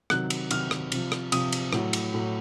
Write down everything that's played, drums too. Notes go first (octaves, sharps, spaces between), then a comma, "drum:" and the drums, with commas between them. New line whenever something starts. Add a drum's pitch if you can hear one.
C3 D#3 F#3 F#6, drum: rim click
drum: cymbal
C3 D#3 F#3 F6, drum: cymbal
drum: rim click
C3 F3, drum: cymbal
drum: rim click
C3 F3 D#6, drum: cymbal
drum: cymbal
A2 F#3, drum: rim click
drum: cymbal
A2 F#3